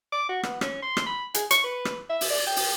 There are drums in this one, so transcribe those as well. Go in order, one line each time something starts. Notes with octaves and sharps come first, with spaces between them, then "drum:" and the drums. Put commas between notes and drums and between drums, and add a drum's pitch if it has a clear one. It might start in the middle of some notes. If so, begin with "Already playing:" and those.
D6
F#4
B3, drum: rim click
C#4, drum: rim click
C6
drum: rim click
B5
G#4, drum: hi-hat
C#6, drum: hi-hat
B4
drum: rim click
E5
drum: open hi-hat
D5
G5
drum: open hi-hat